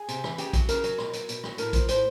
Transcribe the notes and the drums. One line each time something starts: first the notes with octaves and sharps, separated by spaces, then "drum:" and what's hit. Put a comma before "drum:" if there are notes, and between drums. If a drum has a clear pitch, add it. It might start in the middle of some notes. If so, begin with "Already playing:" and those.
Already playing: G#4
C3, drum: hi-hat
E3, drum: rim click
C#3 G4, drum: hi-hat
F#3, drum: kick A#1, hi-hat
C#3 A#4, drum: hi-hat
F#3, drum: hi-hat
B2, drum: rim click
F#3, drum: hi-hat
B2, drum: hi-hat
F#3, drum: rim click
A2 A#4, drum: hi-hat
F3, drum: kick A#1, hi-hat
A2 C5, drum: hi-hat